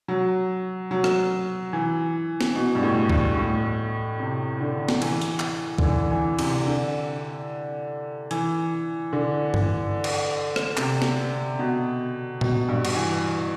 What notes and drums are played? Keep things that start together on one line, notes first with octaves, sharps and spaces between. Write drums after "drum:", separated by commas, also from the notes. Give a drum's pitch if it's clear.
F#3
F#3
drum: rim click
E3
drum: snare
B2
G2
A2
G2, drum: kick C2
A2
C3
D3
drum: snare
E3, drum: cymbal
drum: hi-hat
drum: clap
D3, drum: kick C2
E3
E3
C3, drum: cymbal
D3
E3, drum: hi-hat
D3
drum: tom G2
drum: cymbal
drum: rim click
C3, drum: clap
drum: snare
B2
B2, drum: tom A#2
G2
drum: cymbal
E3